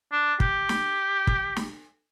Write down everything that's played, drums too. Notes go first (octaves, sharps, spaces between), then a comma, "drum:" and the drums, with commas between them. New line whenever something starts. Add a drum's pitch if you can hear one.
D4
G4, drum: kick
drum: snare
drum: kick
drum: snare